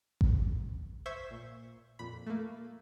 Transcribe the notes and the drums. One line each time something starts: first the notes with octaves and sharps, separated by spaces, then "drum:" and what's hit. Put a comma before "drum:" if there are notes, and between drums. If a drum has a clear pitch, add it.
drum: kick A1
C5 E5 C#6 E6 G#6 B6
A#2
F2 A#2 B5
A3 A#3